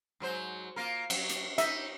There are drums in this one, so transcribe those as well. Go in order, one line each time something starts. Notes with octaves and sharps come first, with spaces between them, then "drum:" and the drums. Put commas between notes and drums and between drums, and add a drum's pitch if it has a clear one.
G#2 F#3 C5
A#3 F4 A#4
F#3, drum: cymbal
drum: hi-hat
D#4 E5, drum: hi-hat